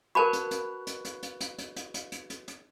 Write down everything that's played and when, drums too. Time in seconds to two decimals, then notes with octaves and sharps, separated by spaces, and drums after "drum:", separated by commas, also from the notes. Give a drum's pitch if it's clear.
0.15 F#4 A#4 B4 A5 B5 F#6
0.33 drum: hi-hat
0.51 drum: hi-hat
0.87 drum: hi-hat
1.05 drum: hi-hat
1.23 drum: hi-hat
1.40 drum: hi-hat
1.58 drum: hi-hat
1.76 drum: hi-hat
1.94 drum: hi-hat
2.12 drum: hi-hat
2.30 drum: hi-hat
2.48 drum: hi-hat